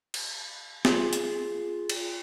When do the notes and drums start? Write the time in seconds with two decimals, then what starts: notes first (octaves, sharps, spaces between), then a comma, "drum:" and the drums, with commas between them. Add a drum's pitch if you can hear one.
0.14 drum: cymbal
0.85 F4 G#4, drum: snare
1.13 drum: hi-hat
1.90 drum: cymbal